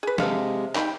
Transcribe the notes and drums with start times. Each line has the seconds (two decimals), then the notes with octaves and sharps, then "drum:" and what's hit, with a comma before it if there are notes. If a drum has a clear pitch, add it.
0.03 G#4 B4
0.18 C3 G#3 A4 F5, drum: snare
0.75 D#4 G5 B5, drum: clap